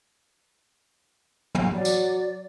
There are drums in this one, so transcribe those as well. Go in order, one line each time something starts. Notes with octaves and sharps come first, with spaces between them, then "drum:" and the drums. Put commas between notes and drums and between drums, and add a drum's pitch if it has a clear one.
drum: tom
F#3 D5
drum: tambourine